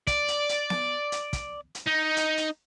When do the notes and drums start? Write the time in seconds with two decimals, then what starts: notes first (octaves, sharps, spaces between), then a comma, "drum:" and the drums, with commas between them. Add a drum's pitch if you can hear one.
0.07 D5, drum: kick, hi-hat
0.28 drum: hi-hat
0.49 drum: hi-hat
0.70 drum: snare B3
1.12 drum: hi-hat
1.33 drum: kick, hi-hat
1.75 drum: hi-hat
1.87 D#4
2.17 drum: hi-hat
2.37 drum: hi-hat